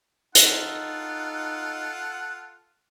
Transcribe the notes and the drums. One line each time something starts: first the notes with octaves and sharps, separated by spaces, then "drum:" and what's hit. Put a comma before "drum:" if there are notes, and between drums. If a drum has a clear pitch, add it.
D#4 F4 A4 F#5, drum: hi-hat